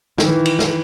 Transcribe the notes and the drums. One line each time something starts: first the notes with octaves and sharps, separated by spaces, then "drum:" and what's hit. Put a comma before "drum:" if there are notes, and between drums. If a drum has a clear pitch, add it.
D#3 E3, drum: snare
drum: cymbal
drum: snare